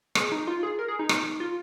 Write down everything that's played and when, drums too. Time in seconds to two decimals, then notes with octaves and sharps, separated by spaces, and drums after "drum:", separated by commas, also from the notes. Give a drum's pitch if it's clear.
0.15 G#4, drum: rim click
0.32 D#4
0.47 F4
0.63 G#4
0.79 A#4
0.88 G#4
0.99 D#4
1.09 drum: rim click
1.40 F4